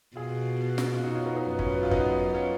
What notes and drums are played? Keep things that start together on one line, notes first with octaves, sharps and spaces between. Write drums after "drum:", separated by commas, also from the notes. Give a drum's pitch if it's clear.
B2 F4 G#4
drum: snare
F4
D#4 F#4
C#4 F4
B3 D#4
B3 D#4
F#2 B3
C#4, drum: kick
B3
F4
B3 D#4, drum: kick
C#4 F4